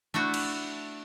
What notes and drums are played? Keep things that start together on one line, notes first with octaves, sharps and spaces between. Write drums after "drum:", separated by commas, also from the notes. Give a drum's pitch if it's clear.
A3 D4 E4 F#4
drum: cymbal